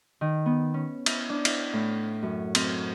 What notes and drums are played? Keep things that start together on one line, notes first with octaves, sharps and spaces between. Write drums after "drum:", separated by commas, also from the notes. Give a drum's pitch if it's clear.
D#3
B3
C#4
E4, drum: cymbal
D4
E4, drum: cymbal
A2
F#2
C4, drum: cymbal